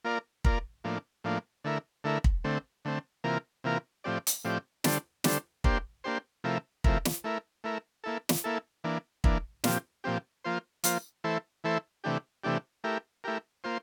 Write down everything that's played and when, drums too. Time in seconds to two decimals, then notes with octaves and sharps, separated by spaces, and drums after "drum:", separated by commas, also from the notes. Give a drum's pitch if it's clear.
0.04 A#3 F4 A#4 D5
0.44 A#3 F4 A#4 D5, drum: kick
0.84 A2 F3 A#3 D4
1.24 A2 F3 A#3 D4
1.64 D3 A3 E4 A#4
2.04 D3 A3 E4 A#4
2.24 drum: kick
2.44 D3 A3 C4
2.85 D3 A3 C4
3.24 C3 E3 A#3 F4 A#4
3.64 C3 E3 A#3 F4 A#4
4.04 A2 F3 C4 G4 D5
4.27 drum: hi-hat
4.44 A2 F3 C4 G4 D5
4.84 D3 G3 D4 A4 C5, drum: snare
5.24 D3 G3 D4 A4 C5, drum: snare
5.64 A#3 D4 G4 C5, drum: kick
6.04 A#3 D4 G4 C5
6.44 C3 F3 A3 E4 A#4
6.84 C3 F3 A3 E4 A#4, drum: kick
7.05 drum: snare
7.24 A3 E4 A#4
7.64 A3 E4 A#4
8.04 A#3 E4 A4
8.29 drum: snare
8.44 A#3 E4 A4
8.84 E3 A#3 D4
9.24 E3 A#3 D4, drum: kick
9.64 A#2 F3 C4 G4, drum: snare
10.04 A#2 F3 C4 G4
10.44 F3 A#3 F4 C5
10.84 F3 A#3 F4 C5, drum: hi-hat
11.24 E3 A3 E4 A4 C5
11.64 E3 A3 E4 A4 C5
12.04 C3 E3 A3 D4 G4
12.44 C3 E3 A3 D4 G4
12.84 A3 E4 G4 A#4
13.24 A3 E4 G4 A#4
13.64 A#3 F4 C5